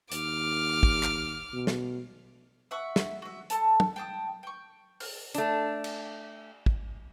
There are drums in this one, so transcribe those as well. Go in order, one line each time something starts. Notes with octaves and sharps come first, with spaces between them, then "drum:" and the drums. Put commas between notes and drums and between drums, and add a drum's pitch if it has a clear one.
D#2 D6 F6, drum: hi-hat
drum: kick
drum: clap
B2
drum: snare
E5 F#5 C#6
drum: snare
F#4 E5
A4 A5, drum: hi-hat
drum: tom
G5 A5 D#6
G5 C#6
F6, drum: open hi-hat
A3 D4, drum: hi-hat
drum: cymbal
drum: kick